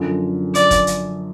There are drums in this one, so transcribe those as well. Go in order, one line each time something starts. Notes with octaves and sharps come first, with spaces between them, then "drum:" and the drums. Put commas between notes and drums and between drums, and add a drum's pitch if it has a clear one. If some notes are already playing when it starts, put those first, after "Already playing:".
Already playing: F#2 D3 F3
D5, drum: hi-hat
drum: kick, hi-hat
drum: hi-hat